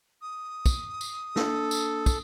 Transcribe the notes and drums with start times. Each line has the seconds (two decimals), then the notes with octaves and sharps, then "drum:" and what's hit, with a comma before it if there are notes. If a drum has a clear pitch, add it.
0.22 D#6
0.66 drum: kick, tambourine
1.01 drum: tambourine
1.36 A#3 D4 A4, drum: snare
1.71 drum: tambourine
2.06 drum: kick, tambourine